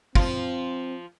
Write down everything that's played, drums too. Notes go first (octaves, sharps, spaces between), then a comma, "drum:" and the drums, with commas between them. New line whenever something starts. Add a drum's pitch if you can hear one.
F3 C4 F4, drum: kick